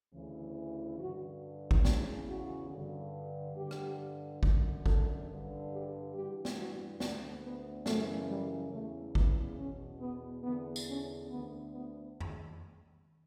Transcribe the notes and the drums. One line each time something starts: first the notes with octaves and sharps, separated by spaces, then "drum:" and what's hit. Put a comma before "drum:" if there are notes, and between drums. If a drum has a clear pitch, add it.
D2 C#3 E3
G2 D3 F#4
drum: kick
E2 C#3 E3 D4, drum: snare
F#4
G2 D3
G2 D3 G4
drum: rim click
F#2 D3, drum: kick
A4, drum: kick
G2 D3
G4
G2 E3 G4
drum: snare
F#4
D2 D3 D4, drum: snare
B3
F#2 C#3 E3 A3, drum: snare
G3
E2 C#3 E3 A3
B3, drum: kick
E2 B2 C#4
B3
E2 D3 B3
drum: tambourine
C#4
D2 D3 B3
B3
drum: tom F2